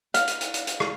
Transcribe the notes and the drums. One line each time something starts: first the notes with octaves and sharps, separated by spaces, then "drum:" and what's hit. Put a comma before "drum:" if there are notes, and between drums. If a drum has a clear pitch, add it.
F5, drum: hi-hat
drum: hi-hat
drum: hi-hat
drum: hi-hat
drum: hi-hat
drum: rim click